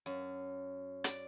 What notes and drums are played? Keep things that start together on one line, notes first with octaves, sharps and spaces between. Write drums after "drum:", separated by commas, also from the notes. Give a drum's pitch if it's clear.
F#2
D5, drum: hi-hat